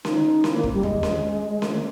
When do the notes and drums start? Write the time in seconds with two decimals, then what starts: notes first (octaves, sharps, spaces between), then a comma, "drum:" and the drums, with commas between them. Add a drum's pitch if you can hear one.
0.05 D#4, drum: snare C#4
0.44 E4, drum: snare C#4
0.54 A#3
0.63 drum: kick
0.73 G3
0.83 G#3, drum: tom D#2
1.03 drum: snare C#4
1.62 A3, drum: snare C#4
1.71 A#3